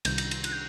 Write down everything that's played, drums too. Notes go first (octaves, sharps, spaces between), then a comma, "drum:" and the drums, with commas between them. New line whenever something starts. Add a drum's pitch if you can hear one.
C2 C3 D#3 G3 G6, drum: cymbal
drum: cymbal
drum: cymbal
F#6, drum: cymbal
G6